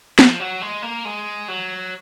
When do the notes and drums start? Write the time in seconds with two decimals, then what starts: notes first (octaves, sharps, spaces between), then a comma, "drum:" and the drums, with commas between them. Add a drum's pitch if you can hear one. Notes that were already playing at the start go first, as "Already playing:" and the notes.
0.19 F3, drum: snare
0.40 F#3
0.61 G#3
0.83 A#3
1.05 G#3
1.48 F#3